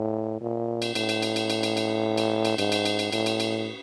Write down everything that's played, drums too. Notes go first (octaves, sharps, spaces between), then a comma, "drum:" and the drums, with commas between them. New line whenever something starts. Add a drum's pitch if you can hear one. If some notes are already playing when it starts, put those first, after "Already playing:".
Already playing: A2
A#2
drum: cymbal
A2, drum: cymbal
drum: cymbal
drum: cymbal
drum: cymbal
drum: cymbal
drum: cymbal
drum: cymbal
drum: cymbal
drum: cymbal
G#2, drum: cymbal
drum: cymbal
drum: cymbal
drum: cymbal
A2, drum: cymbal
drum: cymbal
drum: cymbal